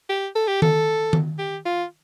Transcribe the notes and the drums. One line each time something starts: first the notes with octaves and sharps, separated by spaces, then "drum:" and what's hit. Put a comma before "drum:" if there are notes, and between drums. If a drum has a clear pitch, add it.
G4
A4
G4
A4, drum: tom D#3
drum: tom D#3
G4
F4